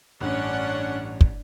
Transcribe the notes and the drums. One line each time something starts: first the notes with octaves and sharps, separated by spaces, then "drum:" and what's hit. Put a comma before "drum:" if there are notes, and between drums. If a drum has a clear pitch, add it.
A1 G2 C#4 D4 F#5
drum: kick